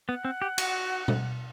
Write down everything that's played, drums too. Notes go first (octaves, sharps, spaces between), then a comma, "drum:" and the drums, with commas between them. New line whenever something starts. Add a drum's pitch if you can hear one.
B3 F#5
C4
G4
F#4, drum: cymbal
drum: tom B2